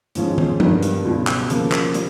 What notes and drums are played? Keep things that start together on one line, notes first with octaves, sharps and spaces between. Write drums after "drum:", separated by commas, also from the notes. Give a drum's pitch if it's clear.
G#2 F3 G#3 C#4 F4, drum: hi-hat
drum: tom
G2 D#3 G3 B3, drum: tom F3
drum: hi-hat
C#2 B2 F#3
drum: clap
C#3 F3 A#3, drum: hi-hat
drum: clap
G3, drum: hi-hat